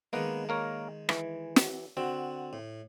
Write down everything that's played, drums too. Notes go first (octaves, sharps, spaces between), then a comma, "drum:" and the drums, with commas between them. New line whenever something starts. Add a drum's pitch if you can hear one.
D#3 G#3 A#3 B3 F#5
A#3 A#4 C#5
E3, drum: rim click
drum: snare
D3 C4 F#4
A2